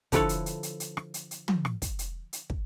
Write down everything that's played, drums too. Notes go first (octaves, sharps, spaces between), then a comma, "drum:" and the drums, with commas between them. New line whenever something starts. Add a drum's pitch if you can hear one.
D3 F3 E4 A4 B4 C#5, drum: kick, hi-hat
drum: hi-hat
drum: hi-hat
drum: hi-hat
drum: hi-hat
drum: rim click
drum: hi-hat
drum: hi-hat
drum: tom
drum: rim click
drum: kick, hi-hat
drum: hi-hat
drum: hi-hat
drum: kick